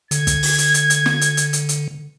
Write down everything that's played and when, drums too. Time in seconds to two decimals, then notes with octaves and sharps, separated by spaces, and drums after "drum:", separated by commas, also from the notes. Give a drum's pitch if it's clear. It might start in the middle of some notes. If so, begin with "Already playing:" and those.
0.11 D3 G#6, drum: hi-hat
0.27 drum: kick, hi-hat
0.43 drum: open hi-hat
0.58 drum: hi-hat
0.74 drum: hi-hat
0.90 drum: hi-hat
1.06 drum: snare
1.21 drum: hi-hat
1.37 drum: hi-hat
1.53 drum: hi-hat
1.69 drum: hi-hat